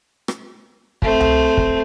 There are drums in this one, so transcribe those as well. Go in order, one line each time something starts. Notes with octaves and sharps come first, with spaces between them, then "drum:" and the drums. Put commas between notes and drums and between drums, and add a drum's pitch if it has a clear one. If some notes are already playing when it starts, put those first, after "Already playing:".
drum: rim click
A3 C4, drum: kick
drum: tom C2
drum: kick